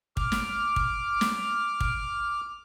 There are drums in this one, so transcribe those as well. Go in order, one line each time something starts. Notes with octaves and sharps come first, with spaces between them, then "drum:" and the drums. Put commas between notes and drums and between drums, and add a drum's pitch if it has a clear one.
D6 F6, drum: kick
drum: snare
drum: kick
drum: snare
drum: kick